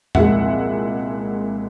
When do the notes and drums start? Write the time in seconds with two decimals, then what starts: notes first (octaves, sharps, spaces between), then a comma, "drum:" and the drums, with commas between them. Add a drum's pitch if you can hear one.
0.15 C2 A#2 F3 G#3 E5 F#5, drum: tom E2